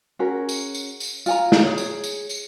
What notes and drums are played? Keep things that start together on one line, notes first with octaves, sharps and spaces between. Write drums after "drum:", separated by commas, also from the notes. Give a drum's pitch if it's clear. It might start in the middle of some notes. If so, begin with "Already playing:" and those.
C#4 F#4 G#4 A#4
drum: tambourine
drum: tambourine
drum: tambourine
F4 G#5 A#5, drum: tambourine
drum: snare
G#4 C#5
drum: tambourine
drum: tambourine
drum: tambourine